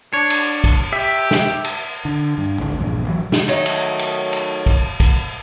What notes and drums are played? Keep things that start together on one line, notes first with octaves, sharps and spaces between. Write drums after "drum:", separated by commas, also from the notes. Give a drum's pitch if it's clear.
D4 C#5
drum: cymbal
drum: kick, cymbal
G4 E5
drum: snare
drum: cymbal
D3
G2
G#1 C#2 D3
A#1 E2 G2 A#2
A1 E3 F#3
drum: snare
D#3 F#3 A3 D#4
drum: cymbal
drum: cymbal
drum: cymbal
drum: kick, cymbal
drum: kick, cymbal